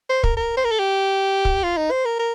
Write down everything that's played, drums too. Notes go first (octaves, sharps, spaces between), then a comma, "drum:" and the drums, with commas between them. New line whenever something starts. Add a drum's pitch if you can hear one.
C5
A#4, drum: kick
A#4
C5
A#4
A4
G4
drum: kick
F4
D#4
C5
A#4
A#4